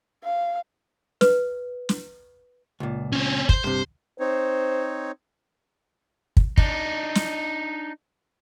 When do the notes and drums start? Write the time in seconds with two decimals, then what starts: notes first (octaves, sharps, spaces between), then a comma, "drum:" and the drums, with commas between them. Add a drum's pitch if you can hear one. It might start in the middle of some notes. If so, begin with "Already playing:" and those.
0.24 F5
1.21 B4, drum: snare
1.89 drum: snare
2.80 C#2 A#2
3.12 C4 C#4
3.49 C5, drum: kick
3.64 G2 C3 C5
4.20 C4 D#4 C5 C#5
6.37 drum: kick
6.57 D4 D#4, drum: kick
7.15 drum: snare